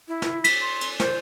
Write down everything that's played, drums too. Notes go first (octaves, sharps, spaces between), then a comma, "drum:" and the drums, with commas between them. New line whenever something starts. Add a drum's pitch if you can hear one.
E4
drum: snare
B6, drum: cymbal
C6
drum: cymbal
C5, drum: snare